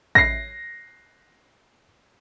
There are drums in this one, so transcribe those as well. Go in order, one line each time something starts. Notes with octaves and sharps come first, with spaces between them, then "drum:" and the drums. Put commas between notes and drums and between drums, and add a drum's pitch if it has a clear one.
A#6 C7, drum: kick